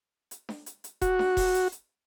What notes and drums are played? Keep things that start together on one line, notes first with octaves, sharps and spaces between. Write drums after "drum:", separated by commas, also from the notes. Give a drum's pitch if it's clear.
drum: hi-hat
drum: snare D4
drum: hi-hat
drum: hi-hat
F#4, drum: kick E1, hi-hat
drum: snare D4
drum: kick E1, open hi-hat
drum: hi-hat
drum: hi-hat